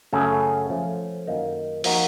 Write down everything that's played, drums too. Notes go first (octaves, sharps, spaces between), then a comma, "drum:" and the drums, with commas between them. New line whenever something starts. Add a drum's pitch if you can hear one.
F#2 C#3 A3 C#4 A4
F3 A3 C#4
F#2 D#3 A#3 D#4
F3 A#3 D#4 F#4, drum: open hi-hat